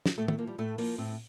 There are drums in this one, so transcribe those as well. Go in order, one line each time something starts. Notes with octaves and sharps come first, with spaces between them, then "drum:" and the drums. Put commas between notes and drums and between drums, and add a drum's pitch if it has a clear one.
drum: snare
A2 A3
A3, drum: tom
F3 A#3
G3
A2 A3
F3 A#3, drum: open hi-hat
A2 C4